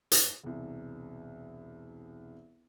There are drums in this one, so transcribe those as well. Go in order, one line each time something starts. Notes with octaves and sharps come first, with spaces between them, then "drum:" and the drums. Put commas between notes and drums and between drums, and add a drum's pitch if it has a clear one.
drum: hi-hat
E1 C2